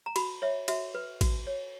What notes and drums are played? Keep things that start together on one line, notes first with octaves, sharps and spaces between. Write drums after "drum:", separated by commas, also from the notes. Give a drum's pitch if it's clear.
A#5
F#4 B5, drum: cymbal
C#5 E5
F#4 E5, drum: cymbal
B4
F#4, drum: kick, cymbal
C#5